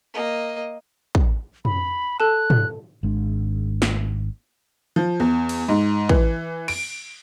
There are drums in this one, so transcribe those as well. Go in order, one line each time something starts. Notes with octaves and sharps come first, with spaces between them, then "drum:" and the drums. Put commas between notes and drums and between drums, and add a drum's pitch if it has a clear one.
A#3 D#5
drum: kick
B5, drum: tom
A4 A5 F#6
drum: tom
G#1 G#3 D4
drum: snare
F3
E2
drum: cymbal
G#2
E3, drum: kick
D7, drum: cymbal